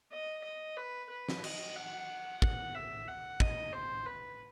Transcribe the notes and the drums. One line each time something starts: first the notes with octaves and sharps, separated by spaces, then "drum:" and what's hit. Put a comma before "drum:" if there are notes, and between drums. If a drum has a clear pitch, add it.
D#5
D#5
B4
B4
drum: snare
D#5, drum: cymbal
F#5
F#5, drum: kick
E5
F#5
D#5, drum: kick
C5
B4